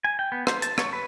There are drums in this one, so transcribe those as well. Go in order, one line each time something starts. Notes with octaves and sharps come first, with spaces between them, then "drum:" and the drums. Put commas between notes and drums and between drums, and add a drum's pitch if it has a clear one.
G#5
G5
B3
C5, drum: rim click
A5, drum: hi-hat
C#5, drum: rim click
B4